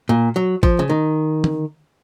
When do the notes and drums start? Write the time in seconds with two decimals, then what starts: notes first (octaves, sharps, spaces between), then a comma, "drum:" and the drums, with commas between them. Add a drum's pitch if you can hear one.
0.09 A#2
0.36 F#3
0.63 F3, drum: kick
0.79 C#3
0.89 D#3
1.44 drum: tom D#3